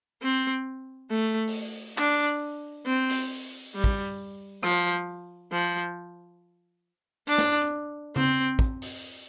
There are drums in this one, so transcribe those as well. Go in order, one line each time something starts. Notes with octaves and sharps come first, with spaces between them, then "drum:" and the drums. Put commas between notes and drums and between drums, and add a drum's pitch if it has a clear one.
C4
A3
drum: open hi-hat
D4, drum: clap
C4
drum: open hi-hat
G3
drum: kick
F3, drum: rim click
F3
D4
drum: snare
drum: hi-hat
C4, drum: tom C#3
drum: kick
drum: open hi-hat